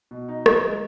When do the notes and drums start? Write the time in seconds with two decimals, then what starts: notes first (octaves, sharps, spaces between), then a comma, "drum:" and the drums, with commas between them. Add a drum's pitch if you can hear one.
0.11 B2
0.28 D#4
0.46 G#3, drum: rim click
0.63 G#3